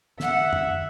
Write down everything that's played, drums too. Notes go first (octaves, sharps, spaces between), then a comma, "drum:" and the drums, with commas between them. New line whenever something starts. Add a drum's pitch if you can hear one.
E5 F#5, drum: snare
drum: tom F2